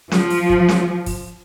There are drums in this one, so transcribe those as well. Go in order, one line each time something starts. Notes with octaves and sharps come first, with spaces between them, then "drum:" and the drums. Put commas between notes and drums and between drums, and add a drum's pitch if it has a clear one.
F3, drum: snare C#4
drum: open hi-hat
drum: kick
drum: snare C#4
drum: kick, open hi-hat